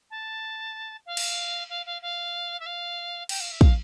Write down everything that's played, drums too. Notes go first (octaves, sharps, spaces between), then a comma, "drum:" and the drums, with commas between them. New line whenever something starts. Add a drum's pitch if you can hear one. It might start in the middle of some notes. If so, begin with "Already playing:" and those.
A5
F5
drum: cymbal
F5
F5
F5
E5
F5
G5, drum: cymbal
F5
E5
F5, drum: kick